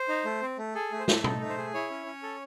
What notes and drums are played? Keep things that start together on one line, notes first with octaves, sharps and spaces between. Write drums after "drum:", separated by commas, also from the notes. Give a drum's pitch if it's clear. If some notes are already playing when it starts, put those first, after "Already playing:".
Already playing: C5
D#4
A3
C4
A3
G#4 A4
A3
C5
A3, drum: snare
D#4 A4, drum: tom
A3
C5
G#4
E4 C#5
C#4
C#4
A4